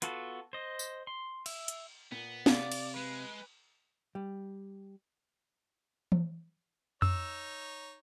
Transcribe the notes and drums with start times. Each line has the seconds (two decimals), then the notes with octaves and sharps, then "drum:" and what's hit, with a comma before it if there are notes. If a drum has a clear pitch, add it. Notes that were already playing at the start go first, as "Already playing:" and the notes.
0.02 B3 F4 F#4 A4, drum: hi-hat
0.53 C5 D#5
0.79 drum: tambourine
1.07 C6
1.46 E5, drum: cymbal
1.68 drum: hi-hat
2.12 A#2 B3
2.46 C3 D5 F5, drum: snare
2.72 drum: cymbal
2.96 G#3 B4
4.15 G3
6.12 drum: tom E3
7.02 D#4 C#5 E6, drum: tom F2